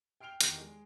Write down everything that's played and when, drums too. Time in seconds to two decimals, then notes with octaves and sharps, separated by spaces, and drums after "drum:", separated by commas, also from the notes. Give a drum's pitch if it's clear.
0.20 G5 F6 C7 D7 F7 G7
0.41 E2 D#3 D#4 G4 D#5, drum: hi-hat
0.61 G#3